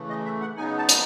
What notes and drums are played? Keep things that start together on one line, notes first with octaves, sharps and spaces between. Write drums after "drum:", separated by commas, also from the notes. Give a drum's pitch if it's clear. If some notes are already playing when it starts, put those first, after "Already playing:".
Already playing: C#3 E3 A3
D#5
E5
F#5
C#3 F#3 B3 D#4 G#5
A5
drum: hi-hat